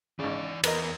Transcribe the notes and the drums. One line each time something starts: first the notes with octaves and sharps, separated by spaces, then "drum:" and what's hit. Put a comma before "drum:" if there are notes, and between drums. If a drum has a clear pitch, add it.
G#1 C#3 E3 D5
E2 A#4 B4 D#5, drum: cymbal